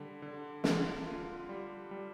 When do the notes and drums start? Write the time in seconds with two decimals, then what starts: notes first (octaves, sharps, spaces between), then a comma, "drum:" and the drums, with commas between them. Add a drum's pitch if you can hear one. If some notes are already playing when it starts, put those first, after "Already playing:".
Already playing: D3 G3
0.22 D3
0.64 D3, drum: snare
1.06 F4
1.49 G3
1.91 G3